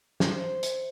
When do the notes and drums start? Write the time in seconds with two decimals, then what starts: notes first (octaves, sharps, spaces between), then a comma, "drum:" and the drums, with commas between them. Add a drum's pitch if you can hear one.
0.20 C5, drum: snare
0.63 drum: hi-hat